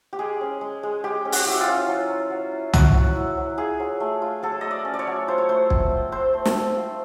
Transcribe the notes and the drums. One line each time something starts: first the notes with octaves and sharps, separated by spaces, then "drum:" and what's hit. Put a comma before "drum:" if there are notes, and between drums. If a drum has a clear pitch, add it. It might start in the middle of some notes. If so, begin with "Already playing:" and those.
G4
G#3 G#4
C#4
G#3
G#3
G#3 G4
C#4
F#4, drum: open hi-hat
G4
E4 F#4
F4
C#4
F#3
F#3
F#3
E4
F#3 F#4, drum: tom
F#3
E4
F#3
F4 G#4
F#3
A3
F4
F#3 A4
A3 D#5
D5
C#4
D5
C#5
F#3
F4 C5
C#5
A3 C5
C4, drum: kick
F4
C4 C5
A3
drum: snare
C4
F4